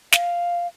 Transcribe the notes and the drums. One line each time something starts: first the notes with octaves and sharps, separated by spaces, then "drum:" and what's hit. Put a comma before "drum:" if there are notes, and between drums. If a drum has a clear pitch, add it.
F5, drum: snare